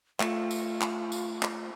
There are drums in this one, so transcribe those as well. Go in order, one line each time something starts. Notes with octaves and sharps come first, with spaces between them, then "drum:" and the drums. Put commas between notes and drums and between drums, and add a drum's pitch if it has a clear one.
A3 F4, drum: clap
drum: tambourine
drum: clap
drum: tambourine
drum: clap